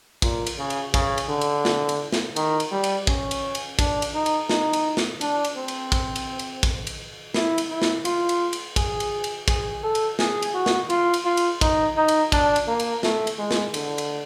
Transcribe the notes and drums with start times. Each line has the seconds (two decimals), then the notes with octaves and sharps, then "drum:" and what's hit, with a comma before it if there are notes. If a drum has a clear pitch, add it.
0.22 A#2, drum: kick, cymbal
0.46 drum: cymbal
0.58 C#3
0.70 drum: cymbal
0.94 C#3, drum: kick, cymbal
1.18 drum: cymbal
1.29 D3
1.41 drum: cymbal
1.65 drum: snare
1.89 drum: cymbal
2.12 drum: snare
2.36 D#3, drum: cymbal
2.60 drum: cymbal
2.72 G3
2.84 drum: cymbal
3.07 C#4, drum: kick
3.31 drum: cymbal
3.55 drum: cymbal
3.79 D4, drum: kick, cymbal
4.02 drum: cymbal
4.14 D#4
4.26 drum: cymbal
4.49 D#4, drum: snare
4.73 drum: cymbal
4.97 drum: snare
5.21 D4, drum: cymbal
5.44 drum: cymbal
5.56 C4
5.68 drum: cymbal
5.92 drum: kick, cymbal
6.16 drum: cymbal
6.39 drum: cymbal
6.63 drum: kick, cymbal
6.87 drum: cymbal
7.34 E4, drum: snare
7.58 drum: cymbal
7.70 E4
7.82 drum: snare
8.05 F4, drum: cymbal
8.29 drum: cymbal
8.53 drum: cymbal
8.76 G#4, drum: kick, cymbal
9.00 drum: cymbal
9.24 drum: cymbal
9.48 G#4, drum: kick, cymbal
9.83 A4
9.95 drum: cymbal
10.19 G#4, drum: snare
10.42 drum: cymbal
10.54 F#4
10.66 drum: snare
10.90 F4, drum: cymbal
11.14 drum: cymbal
11.25 F4
11.37 drum: cymbal
11.61 D#4, drum: kick, cymbal
11.97 D#4
12.08 drum: cymbal
12.32 D4, drum: kick, cymbal
12.56 drum: cymbal
12.68 A#3
12.80 drum: cymbal
13.03 A3, drum: snare
13.27 drum: cymbal
13.39 G#3
13.51 drum: snare
13.74 D3, drum: cymbal
13.98 drum: cymbal